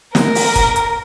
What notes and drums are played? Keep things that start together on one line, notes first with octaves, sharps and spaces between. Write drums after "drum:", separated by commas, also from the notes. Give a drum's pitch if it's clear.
A#4, drum: snare
drum: open hi-hat
drum: kick, hi-hat
drum: hi-hat